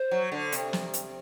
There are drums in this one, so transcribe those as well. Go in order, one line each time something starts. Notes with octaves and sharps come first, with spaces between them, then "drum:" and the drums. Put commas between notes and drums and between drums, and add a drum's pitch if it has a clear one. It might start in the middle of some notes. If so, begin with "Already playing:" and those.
Already playing: C5
F#3
D3
C3, drum: hi-hat
drum: snare
drum: hi-hat